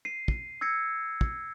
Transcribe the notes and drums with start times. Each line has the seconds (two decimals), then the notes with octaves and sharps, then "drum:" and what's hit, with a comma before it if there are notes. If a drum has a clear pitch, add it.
0.05 C7 D#7
0.28 drum: kick
0.61 E6 G#6 A#6 C#7
1.21 drum: kick